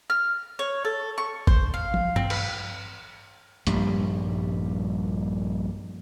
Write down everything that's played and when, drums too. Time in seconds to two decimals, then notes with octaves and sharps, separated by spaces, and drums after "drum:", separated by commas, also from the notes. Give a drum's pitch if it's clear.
0.10 F6
0.59 C#5
0.85 A4
1.18 C#6
1.47 C5, drum: kick G#1
1.74 F5
1.94 drum: tom
2.16 C4, drum: tom G2
2.30 B4, drum: cymbal
3.67 A#1 G2 G3, drum: hi-hat